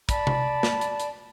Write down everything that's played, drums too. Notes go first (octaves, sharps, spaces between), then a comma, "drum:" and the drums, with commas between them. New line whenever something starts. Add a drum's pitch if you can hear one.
D5 A5 B5, drum: kick, hi-hat
drum: tom C3
drum: snare
drum: hi-hat
drum: hi-hat